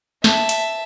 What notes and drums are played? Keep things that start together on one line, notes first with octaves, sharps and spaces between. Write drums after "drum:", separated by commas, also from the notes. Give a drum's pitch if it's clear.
E5 A5, drum: snare
drum: hi-hat